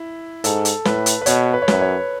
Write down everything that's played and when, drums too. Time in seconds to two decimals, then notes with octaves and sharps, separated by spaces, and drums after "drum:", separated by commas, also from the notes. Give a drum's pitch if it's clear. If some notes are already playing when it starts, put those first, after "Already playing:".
Already playing: E4
0.44 G#2 A4, drum: hi-hat
0.65 drum: hi-hat
0.85 A2 B4, drum: snare
1.06 drum: hi-hat
1.22 B4
1.26 B2 C#5, drum: hi-hat
1.54 B4
1.62 C#5
1.68 F#2 B4, drum: snare
1.81 C#5